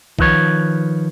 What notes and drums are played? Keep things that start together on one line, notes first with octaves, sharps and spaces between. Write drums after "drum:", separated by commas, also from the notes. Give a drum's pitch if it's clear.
D#3 F3 B4 C#5, drum: kick